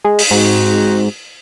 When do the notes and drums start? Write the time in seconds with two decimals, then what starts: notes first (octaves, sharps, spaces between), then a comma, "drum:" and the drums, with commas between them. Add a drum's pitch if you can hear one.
0.05 G#3
0.19 drum: open hi-hat
0.31 G#2 C4 D#4 F#4